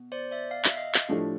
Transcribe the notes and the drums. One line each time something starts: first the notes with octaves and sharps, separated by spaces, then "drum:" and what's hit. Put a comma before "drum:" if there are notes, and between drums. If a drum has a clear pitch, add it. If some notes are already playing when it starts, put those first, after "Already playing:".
Already playing: B2
C5 D5
D5 E5
F5
E5, drum: clap
D#5 F5
drum: clap
A2 F3 A3 D4 G4